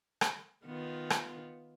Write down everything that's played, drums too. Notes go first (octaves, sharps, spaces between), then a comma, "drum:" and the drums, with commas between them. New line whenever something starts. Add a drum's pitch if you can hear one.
drum: rim click
D#3 B3 F4
drum: rim click